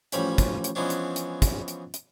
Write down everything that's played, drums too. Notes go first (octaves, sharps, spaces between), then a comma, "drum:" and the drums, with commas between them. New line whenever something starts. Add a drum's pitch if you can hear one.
A1 F3 G3 C#4 A#5 B5, drum: hi-hat
drum: kick, hi-hat
drum: hi-hat
E3 F3 G#3 B3 C#4 D4
drum: hi-hat
drum: hi-hat
drum: kick, hi-hat
drum: hi-hat
drum: hi-hat